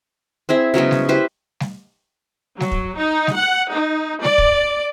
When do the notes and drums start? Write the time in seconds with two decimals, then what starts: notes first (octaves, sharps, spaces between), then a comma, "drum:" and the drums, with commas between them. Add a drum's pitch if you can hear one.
0.49 C4 E4 G#4 E5
0.74 C#3 F#3 G#3 B3
0.91 drum: snare G3
1.09 E4 G4 B4 C5
1.60 drum: snare G3
2.60 F#3, drum: snare G3
2.71 drum: kick
2.97 D#4
3.27 drum: snare G3
3.37 F#5
3.74 D#4
4.24 D5, drum: snare G3
4.38 drum: kick